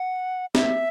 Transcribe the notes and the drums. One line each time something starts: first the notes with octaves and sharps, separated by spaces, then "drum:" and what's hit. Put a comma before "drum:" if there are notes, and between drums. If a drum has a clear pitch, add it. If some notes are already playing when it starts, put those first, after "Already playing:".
Already playing: F#5
E5, drum: snare C4